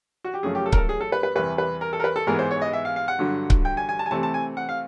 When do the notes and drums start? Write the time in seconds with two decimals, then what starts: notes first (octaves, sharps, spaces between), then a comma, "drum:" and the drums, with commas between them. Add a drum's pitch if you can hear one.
0.24 F#4
0.34 G4
0.43 F#2 C#3 F3 A3 C#4 G#4
0.55 G4
0.66 A4
0.72 A#4, drum: kick C#1
0.77 A4
0.89 G#4
1.00 A4
1.12 B4
1.23 B4
1.36 E2 C3 E3 G3 B4
1.58 B4
1.81 A#4
1.93 A4
2.00 A#4
2.04 B4
2.16 A4
2.27 G#2 E3 G#3 B3 A#4
2.39 C5
2.51 C#5
2.62 D#5
2.73 E5
2.85 F5
2.96 F5
3.08 F#5
3.19 G2 D3 F#3
3.50 drum: kick C#1
3.65 G5
3.77 G#5
3.89 G#5
3.99 A5
4.06 G#5
4.11 C3 E3 A3 C4 A5
4.23 A5
4.34 G#5
4.57 F#5
4.69 F5